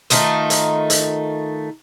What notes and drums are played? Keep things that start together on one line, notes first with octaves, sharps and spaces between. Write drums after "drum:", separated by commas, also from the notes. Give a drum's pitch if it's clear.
D#3 A3 D#4 F4, drum: hi-hat
drum: hi-hat
drum: hi-hat